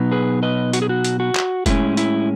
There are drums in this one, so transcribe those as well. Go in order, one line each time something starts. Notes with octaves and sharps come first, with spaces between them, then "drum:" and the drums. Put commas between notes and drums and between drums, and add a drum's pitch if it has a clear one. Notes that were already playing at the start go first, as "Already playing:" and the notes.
Already playing: B2 F#3 B3 D#4
G#4 B4
B4 D#5
F#4, drum: hi-hat
G#4
F#4
drum: hi-hat
F#4
drum: clap
A2 G#3 C#4 E4, drum: kick F1, hi-hat
E4, drum: hi-hat